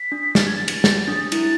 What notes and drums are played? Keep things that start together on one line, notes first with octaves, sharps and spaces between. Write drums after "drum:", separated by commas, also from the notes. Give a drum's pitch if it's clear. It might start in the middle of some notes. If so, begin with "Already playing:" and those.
Already playing: B6
D4
A6, drum: snare
G#6
A6
drum: cymbal
drum: snare
D4
E4 A6, drum: cymbal